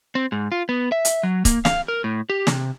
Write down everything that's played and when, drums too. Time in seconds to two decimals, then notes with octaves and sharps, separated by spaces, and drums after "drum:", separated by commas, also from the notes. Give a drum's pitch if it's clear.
0.15 C4
0.32 G#2
0.52 F4
0.69 B3
0.92 E5
1.05 drum: hi-hat
1.23 F#3
1.45 A#3, drum: kick C#1, hi-hat
1.65 F5, drum: snare
1.88 A#4
2.04 A2
2.30 G4
2.47 C3, drum: snare